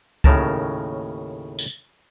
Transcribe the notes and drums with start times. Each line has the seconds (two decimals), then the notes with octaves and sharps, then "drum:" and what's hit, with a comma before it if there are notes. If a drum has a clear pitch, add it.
0.24 D#2 A2 C#3 A#4 A5, drum: kick C#2
1.59 drum: tambourine